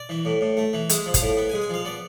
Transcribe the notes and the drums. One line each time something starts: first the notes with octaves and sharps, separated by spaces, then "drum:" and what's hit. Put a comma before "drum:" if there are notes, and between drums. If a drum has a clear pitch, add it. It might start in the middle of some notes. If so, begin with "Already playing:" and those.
Already playing: D5
E3
A2
A2
A3
E3
G#3 E5, drum: hi-hat
F3
F5, drum: kick, hi-hat
A2
B3
G#5
G#3
G#5
F3 F5
B3 D5